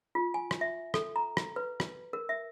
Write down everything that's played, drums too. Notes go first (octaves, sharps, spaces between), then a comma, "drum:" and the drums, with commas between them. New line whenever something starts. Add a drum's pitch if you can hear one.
F4
G#5
drum: rim click
E5
A4, drum: rim click
A#5
drum: rim click
B4
drum: rim click
A#4
E5